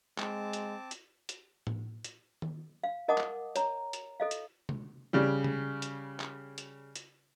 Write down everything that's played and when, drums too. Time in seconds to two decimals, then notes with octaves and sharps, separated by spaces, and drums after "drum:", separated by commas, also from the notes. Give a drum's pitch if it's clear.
0.18 G#3 C4 A5 D6, drum: clap
0.53 drum: hi-hat
0.91 drum: hi-hat
1.29 drum: hi-hat
1.67 drum: tom A2
2.04 drum: hi-hat
2.42 drum: tom D#3
2.84 F5
3.08 A#4 D#5 F#5 A5 D6 D#6
3.18 drum: clap
3.56 C#5 A#5, drum: hi-hat
3.93 drum: hi-hat
4.20 A4 D#5 F5
4.31 drum: hi-hat
4.69 drum: tom C3
5.13 C#3 G3
5.44 drum: tom C3
5.82 drum: hi-hat
6.20 drum: clap
6.58 drum: hi-hat
6.96 drum: hi-hat